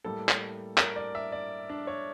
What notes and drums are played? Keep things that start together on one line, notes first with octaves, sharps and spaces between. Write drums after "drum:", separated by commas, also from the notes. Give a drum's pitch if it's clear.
A2 G3 A#3 A4
drum: clap
A#4, drum: clap
D5
E5
D5
D4
C#5